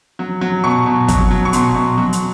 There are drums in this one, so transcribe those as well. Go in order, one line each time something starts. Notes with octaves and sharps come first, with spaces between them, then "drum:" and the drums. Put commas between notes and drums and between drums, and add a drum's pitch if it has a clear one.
F#3
F#3
B2 C#6
B2
F#3, drum: kick, hi-hat
F#3
C#6
B2 C6, drum: hi-hat
B2
F#3
drum: hi-hat